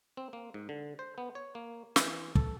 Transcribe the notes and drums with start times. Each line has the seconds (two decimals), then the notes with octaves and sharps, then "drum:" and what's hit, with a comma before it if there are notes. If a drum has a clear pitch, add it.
0.17 C4
0.33 A#3
0.54 G#2
0.69 D3
0.99 C5
1.18 B3
1.35 C#5
1.55 A#3
1.96 E3, drum: snare
2.35 A4, drum: kick